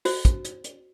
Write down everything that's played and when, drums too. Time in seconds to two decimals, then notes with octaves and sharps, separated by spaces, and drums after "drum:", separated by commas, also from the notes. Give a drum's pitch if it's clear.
0.05 F#4 C5, drum: open hi-hat
0.25 drum: kick, hi-hat
0.45 drum: hi-hat
0.64 drum: hi-hat